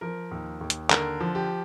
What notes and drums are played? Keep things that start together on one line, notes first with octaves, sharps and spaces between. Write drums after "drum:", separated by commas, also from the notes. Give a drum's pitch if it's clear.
F3 A#4
D#2
D#2
drum: hi-hat
D3 A#4, drum: clap
F3
G4